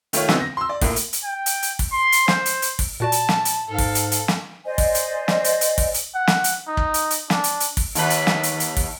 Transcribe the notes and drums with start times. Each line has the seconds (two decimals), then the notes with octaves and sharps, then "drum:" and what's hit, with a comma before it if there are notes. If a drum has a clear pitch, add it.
0.13 D#3 A3 F4 C#5, drum: hi-hat
0.29 D3 F#3 B3 C4 D#4 E4, drum: snare
0.40 A#6
0.57 C6 E6
0.69 D5
0.81 A#1 A2 A#3, drum: kick, open hi-hat
0.96 drum: hi-hat
1.13 drum: hi-hat
1.24 G5
1.46 drum: hi-hat
1.63 drum: hi-hat
1.79 drum: kick, open hi-hat
1.92 C6
2.12 drum: hi-hat
2.28 C5, drum: snare
2.46 drum: hi-hat
2.62 drum: hi-hat
2.79 drum: kick, open hi-hat
3.00 A#2 F#4 D5 A5
3.12 drum: hi-hat
3.29 drum: snare
3.45 drum: hi-hat
3.68 G#2 A4 F5
3.78 drum: kick, open hi-hat
3.95 drum: hi-hat
4.12 drum: hi-hat
4.28 drum: snare
4.65 C5 D5 D#5 G#5
4.78 drum: kick, open hi-hat
4.95 drum: hi-hat
5.28 drum: snare
5.44 drum: hi-hat
5.61 drum: hi-hat
5.78 drum: kick, open hi-hat
5.94 drum: hi-hat
6.15 F#5
6.27 drum: snare
6.44 drum: hi-hat
6.68 D#4
6.77 drum: kick
6.94 drum: hi-hat
7.10 drum: hi-hat
7.30 D4, drum: snare
7.44 drum: hi-hat
7.60 drum: hi-hat
7.77 drum: kick, open hi-hat
7.95 D#2 B4, drum: hi-hat
8.10 drum: hi-hat
8.27 drum: snare
8.43 drum: hi-hat
8.60 drum: hi-hat
8.77 drum: kick, open hi-hat